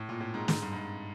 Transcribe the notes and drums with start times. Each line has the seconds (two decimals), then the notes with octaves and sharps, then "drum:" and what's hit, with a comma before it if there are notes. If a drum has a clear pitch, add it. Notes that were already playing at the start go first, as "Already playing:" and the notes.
Already playing: A2
0.09 A#2
0.20 A2
0.34 G#2
0.48 G#2, drum: snare
0.62 G2
0.72 G2
0.76 G#2